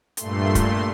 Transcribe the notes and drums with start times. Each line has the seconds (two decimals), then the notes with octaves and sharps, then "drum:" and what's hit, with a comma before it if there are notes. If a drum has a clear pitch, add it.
0.17 G2 A#2 A3 C6, drum: hi-hat
0.55 drum: kick, hi-hat